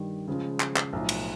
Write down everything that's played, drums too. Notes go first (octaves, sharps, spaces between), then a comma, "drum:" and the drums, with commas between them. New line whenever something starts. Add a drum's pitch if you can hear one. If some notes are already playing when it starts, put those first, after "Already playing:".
Already playing: G2 D#3 G3
C#3 F3 G#3
drum: clap
drum: clap
B1 A2 F3
drum: cymbal